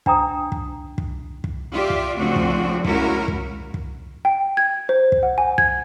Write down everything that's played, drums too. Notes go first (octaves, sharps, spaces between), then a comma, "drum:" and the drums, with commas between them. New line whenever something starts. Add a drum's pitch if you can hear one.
D4 G5 A#5 D#6, drum: kick
drum: kick
drum: kick
drum: kick
F4 G4 D5 E5
drum: kick
C#3 F3 A3 C4 D4 F#4
drum: kick
G#3 A#3 C#4 E4 F#4 A#4, drum: kick
drum: kick
drum: kick
G5
G#6
C5
drum: kick
F#5
G#5
G#6, drum: kick